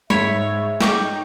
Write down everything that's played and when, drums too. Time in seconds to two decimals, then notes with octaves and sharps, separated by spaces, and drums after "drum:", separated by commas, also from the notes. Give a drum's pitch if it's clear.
0.10 G#2 C#5 E5 B5, drum: tom
0.81 D#4 G5 C#6 D6, drum: snare